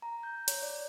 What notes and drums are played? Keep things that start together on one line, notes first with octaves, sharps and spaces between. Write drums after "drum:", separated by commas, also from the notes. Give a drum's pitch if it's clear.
A#5
G6
C#5, drum: hi-hat
D5